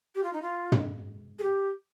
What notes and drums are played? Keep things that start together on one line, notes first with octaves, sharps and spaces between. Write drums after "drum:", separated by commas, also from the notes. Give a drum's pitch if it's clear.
G4
F4
D#4
F4
drum: tom
G#4
G4